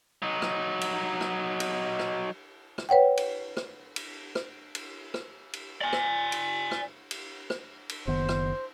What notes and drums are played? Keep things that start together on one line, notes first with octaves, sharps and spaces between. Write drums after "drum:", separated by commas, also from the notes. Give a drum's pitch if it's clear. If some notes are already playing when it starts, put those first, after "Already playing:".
F#3 D#4
drum: rim click
drum: cymbal
drum: rim click
drum: cymbal
drum: rim click
drum: rim click
B4 C#5 F#5 G5
drum: cymbal
drum: rim click
drum: cymbal
drum: rim click
drum: cymbal
drum: rim click
drum: cymbal
D5 G#5
drum: rim click
drum: cymbal
drum: rim click
drum: cymbal
drum: rim click
drum: cymbal
F#1 D#3 B3 C5
drum: rim click